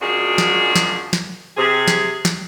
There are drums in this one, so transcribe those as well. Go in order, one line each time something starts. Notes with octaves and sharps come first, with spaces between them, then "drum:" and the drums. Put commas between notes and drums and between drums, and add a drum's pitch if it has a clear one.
F#2 F3 G#3 D4 F#4 G#4
drum: snare
drum: snare
drum: snare
C3 G#4
drum: snare
drum: snare